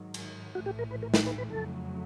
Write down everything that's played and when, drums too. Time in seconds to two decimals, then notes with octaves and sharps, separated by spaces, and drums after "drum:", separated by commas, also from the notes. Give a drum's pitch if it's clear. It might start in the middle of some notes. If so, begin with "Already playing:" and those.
Already playing: G#2 D#3 F#3
0.14 drum: cymbal
0.55 A#1 A2 E3 A3 F#4
0.66 G4
0.79 A#4
0.91 B4
1.02 A#4
1.14 B4, drum: snare
1.26 B4
1.38 B4
1.50 F2 C#3 F#3 A3 A4